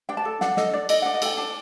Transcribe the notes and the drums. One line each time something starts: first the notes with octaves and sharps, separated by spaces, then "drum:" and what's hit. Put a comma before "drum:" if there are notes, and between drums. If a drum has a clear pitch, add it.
D4 G5
A5
A4
D4 F#5, drum: snare
A4 D#5, drum: snare
D4 D5
A4 D#5, drum: cymbal
D4 F#5
D#5
A4 G5, drum: cymbal
D4 A5